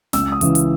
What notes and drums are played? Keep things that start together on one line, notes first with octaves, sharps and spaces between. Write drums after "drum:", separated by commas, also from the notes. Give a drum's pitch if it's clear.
C#2 E6, drum: snare
D#6
C#3 E3, drum: hi-hat
drum: hi-hat